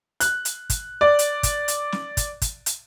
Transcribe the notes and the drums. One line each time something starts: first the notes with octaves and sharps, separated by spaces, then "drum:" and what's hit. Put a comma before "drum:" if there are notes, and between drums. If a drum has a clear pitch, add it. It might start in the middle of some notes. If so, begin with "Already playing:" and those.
F#6, drum: hi-hat
drum: hi-hat
drum: kick, hi-hat
D5
drum: hi-hat
drum: kick, hi-hat
drum: hi-hat
drum: snare
drum: kick, hi-hat
drum: kick, hi-hat
drum: hi-hat